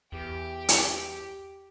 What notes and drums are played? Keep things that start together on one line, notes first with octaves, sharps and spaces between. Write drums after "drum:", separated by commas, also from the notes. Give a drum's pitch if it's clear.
E2 G4
drum: hi-hat